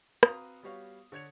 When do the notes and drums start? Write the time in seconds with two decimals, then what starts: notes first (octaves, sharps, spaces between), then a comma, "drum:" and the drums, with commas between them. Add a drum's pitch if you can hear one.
0.23 C4 F#4 B4 F5 A#5 D#6, drum: rim click
0.63 G3 B3 F#4 G4 C#5 F5
1.12 D3 C#5 G#6 C#7 F7